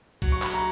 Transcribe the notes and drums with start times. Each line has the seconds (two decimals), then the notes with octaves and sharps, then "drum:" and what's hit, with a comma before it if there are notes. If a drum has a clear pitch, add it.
0.22 F#3, drum: kick
0.32 C#6
0.42 B5, drum: clap
0.53 A#5